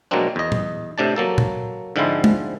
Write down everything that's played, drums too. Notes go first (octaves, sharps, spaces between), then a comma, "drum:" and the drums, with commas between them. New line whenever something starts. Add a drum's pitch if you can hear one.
B2 F#3 G#3 A#3 C4 D4
E2 D#5
drum: tom
A2 C3 D4 A5
F#3 A#3 A4
drum: tom A#2
G#2 D3 F3 G#3 C4 E4
drum: tom G#3